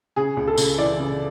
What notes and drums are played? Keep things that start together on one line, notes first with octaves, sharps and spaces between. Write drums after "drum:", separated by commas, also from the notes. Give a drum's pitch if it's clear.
C#3 G#4
C#2
A4
C#2, drum: tambourine
E3 D5
C#3